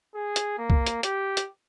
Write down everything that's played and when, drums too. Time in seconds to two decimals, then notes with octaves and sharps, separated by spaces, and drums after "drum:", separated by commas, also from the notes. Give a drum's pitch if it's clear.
0.15 G#4
0.36 drum: hi-hat
0.58 A#3
0.70 drum: kick
0.86 drum: hi-hat
1.03 G4, drum: hi-hat
1.37 drum: hi-hat